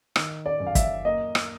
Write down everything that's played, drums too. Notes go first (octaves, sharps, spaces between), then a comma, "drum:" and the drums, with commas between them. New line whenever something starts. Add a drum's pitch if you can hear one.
D#3, drum: rim click
D5
F#2
F5
E5, drum: kick, hi-hat
A#3 D#5
drum: rim click